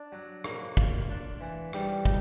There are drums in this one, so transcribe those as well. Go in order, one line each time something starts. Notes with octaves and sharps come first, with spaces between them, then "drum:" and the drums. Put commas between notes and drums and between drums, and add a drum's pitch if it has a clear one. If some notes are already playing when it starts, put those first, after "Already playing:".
Already playing: D4
F#3
A#3, drum: rim click
F4, drum: kick
D4
E3
G3, drum: rim click
D#4, drum: kick